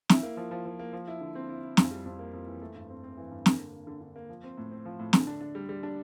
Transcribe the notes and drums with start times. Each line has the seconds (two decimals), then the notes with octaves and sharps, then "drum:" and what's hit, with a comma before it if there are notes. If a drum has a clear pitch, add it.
0.09 E4, drum: snare
0.23 A#3
0.37 F3
0.51 F3
0.66 F3
0.79 A#3
0.93 F3
1.08 E4
1.21 D3
1.35 C4
1.49 E4
1.63 E4
1.77 F2, drum: snare
1.91 G3
2.06 F2
2.19 A#3
2.33 F2
2.47 E3
2.61 A3
2.75 G2
2.89 C4
3.03 C4
3.17 E3
3.31 G2
3.46 A#3, drum: snare
3.59 D3
3.73 A#3
3.87 D3
4.01 D3
4.16 A#3
4.29 F3
4.43 C4
4.58 A2
4.71 C4
4.85 F3
4.99 A2
5.13 D3, drum: snare
5.27 D4
5.41 D4
5.55 G3
5.69 G3
5.83 D4